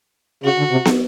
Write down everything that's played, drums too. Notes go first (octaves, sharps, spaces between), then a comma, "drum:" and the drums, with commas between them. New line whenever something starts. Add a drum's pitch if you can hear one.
C#3 F#4
D3
C3
drum: snare